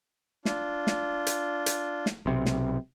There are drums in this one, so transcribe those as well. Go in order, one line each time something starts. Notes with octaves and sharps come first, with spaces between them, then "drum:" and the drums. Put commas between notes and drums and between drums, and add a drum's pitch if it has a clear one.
D4 F4, drum: snare
drum: snare
drum: hi-hat
drum: hi-hat
drum: snare
B1 C3
drum: snare